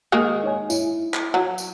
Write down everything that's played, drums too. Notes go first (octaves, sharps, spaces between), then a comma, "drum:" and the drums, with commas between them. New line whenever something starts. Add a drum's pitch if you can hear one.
D#3 G#3 A#3 D#6
D#4 C#5 G#5
E4, drum: tambourine
drum: clap
F#3
drum: tambourine